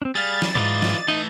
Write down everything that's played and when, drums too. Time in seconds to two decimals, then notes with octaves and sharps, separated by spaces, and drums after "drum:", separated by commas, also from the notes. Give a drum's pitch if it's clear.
0.02 C4 D4
0.15 G3 G#4 F5 A6
0.42 drum: snare
0.55 C#2 G#2 E3 F4 D5 D#5
0.82 drum: snare
1.08 E3 A3 D#4